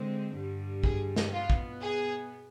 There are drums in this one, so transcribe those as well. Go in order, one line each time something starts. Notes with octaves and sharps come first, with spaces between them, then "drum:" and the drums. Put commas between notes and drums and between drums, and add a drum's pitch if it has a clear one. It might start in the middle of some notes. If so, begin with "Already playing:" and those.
Already playing: D3 G#3 C4
G2 D3 G3
G#4, drum: kick
drum: snare
B2 B3 F4
drum: kick
G#4